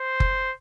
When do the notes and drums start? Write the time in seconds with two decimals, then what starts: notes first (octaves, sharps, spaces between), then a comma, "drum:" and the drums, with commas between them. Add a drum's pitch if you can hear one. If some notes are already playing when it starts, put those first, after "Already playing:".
Already playing: C5
0.20 drum: kick F#1